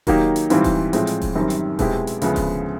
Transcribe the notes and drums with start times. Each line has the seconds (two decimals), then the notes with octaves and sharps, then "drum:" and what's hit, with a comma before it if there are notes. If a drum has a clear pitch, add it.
0.07 D#3 F#3 A#3 D#4 G4, drum: kick D#1, open hi-hat
0.36 drum: hi-hat
0.50 G#2 E3 G3 C4 F4, drum: hi-hat
0.64 drum: kick D#1, open hi-hat
0.93 A2 F3 G#3 C4, drum: hi-hat
1.07 drum: hi-hat
1.22 drum: kick D#1, open hi-hat
1.35 F#2 D#3 G3 C4
1.50 drum: hi-hat
1.79 B2 G#3 C4 E4 G4, drum: kick D#1, open hi-hat
2.07 drum: hi-hat
2.22 D2 C#3 F3 G#3 B3, drum: hi-hat
2.36 drum: kick D#1, open hi-hat